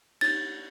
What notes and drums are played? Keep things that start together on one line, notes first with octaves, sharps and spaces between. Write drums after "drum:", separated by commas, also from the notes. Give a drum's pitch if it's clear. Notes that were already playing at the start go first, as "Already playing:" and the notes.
A6, drum: cymbal